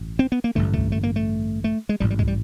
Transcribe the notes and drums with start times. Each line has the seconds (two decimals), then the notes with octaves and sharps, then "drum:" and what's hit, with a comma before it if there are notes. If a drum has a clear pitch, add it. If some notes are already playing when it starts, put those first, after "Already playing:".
Already playing: A1 G2
0.19 C4
0.32 B3
0.44 A#3
0.55 A1 G2 D3 A3
0.74 A3, drum: kick
0.92 A3
1.03 A#3
1.16 A3
1.64 A3
1.89 G#3
2.00 A1 G#2 G3
2.10 G3
2.19 G#3, drum: kick
2.28 G3